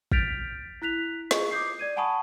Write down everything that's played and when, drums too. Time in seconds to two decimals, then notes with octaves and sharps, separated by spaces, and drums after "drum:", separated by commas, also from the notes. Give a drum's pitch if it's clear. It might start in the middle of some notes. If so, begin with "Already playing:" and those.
0.12 F6 G6 A6 B6 D7 F7, drum: kick
0.82 E4 F#6 B6 F7
1.31 F4 G#4 D#5 C#6, drum: snare
1.51 D6 D#6 G6 C7
1.79 D5 G#6 D#7
1.96 F#5 G#5 A5 B5 C#6 D#6